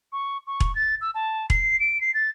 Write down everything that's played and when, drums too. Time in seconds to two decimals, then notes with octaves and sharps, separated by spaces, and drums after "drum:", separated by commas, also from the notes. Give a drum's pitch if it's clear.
0.12 C#6
0.47 C#6
0.60 drum: kick E1
0.75 A6
1.01 E6
1.15 A5
1.50 C7, drum: kick E1
1.80 D7
2.01 C7
2.14 A6